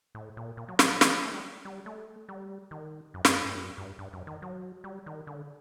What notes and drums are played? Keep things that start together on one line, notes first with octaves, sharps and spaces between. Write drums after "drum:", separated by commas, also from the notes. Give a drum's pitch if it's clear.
A2
A#2
A#2
F#3
F#3, drum: snare
F#3
D#3, drum: snare
F#3
A3
G3
G3
A3
G3
D#3
F#2
G2, drum: snare
F#2
G2
F#2
G2
G2
F#2
D#3
F#3
G3
D#3
D3